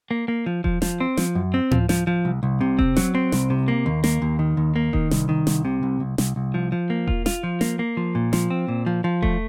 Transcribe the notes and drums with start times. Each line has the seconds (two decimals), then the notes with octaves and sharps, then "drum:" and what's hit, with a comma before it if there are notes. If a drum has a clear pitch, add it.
0.11 A#3
0.28 A#3
0.46 F3
0.64 F3, drum: kick E1
0.82 F3, drum: snare
1.00 C4
1.17 F3, drum: snare
1.35 F#2
1.54 C4
1.71 F3, drum: tom A2
1.89 F3, drum: snare
2.07 F3
2.25 C2
2.43 C2
2.61 C3
2.79 C4, drum: kick E1
2.96 F#3, drum: snare
3.15 C4
3.32 C2, drum: snare
3.50 C3
3.68 A#3
3.86 D#2
4.04 A#3, drum: snare
4.22 D#2
4.39 D#3
4.57 D#2
4.76 A#3
4.93 D#3, drum: kick E1
5.11 C2, drum: snare
5.29 D#3
5.47 C2, drum: snare
5.65 C3
5.83 C2
6.00 C2
6.18 C2, drum: snare
6.36 C2
6.54 F3
6.72 F3
6.90 A#3
7.08 F4, drum: kick E1
7.26 F4, drum: snare
7.43 F3
7.61 A#3, drum: snare
7.79 A#3
7.97 F3
8.15 A#2
8.33 F3, drum: snare
8.50 C4
8.68 A#2
8.86 F3
9.04 F3
9.23 A3, drum: kick E1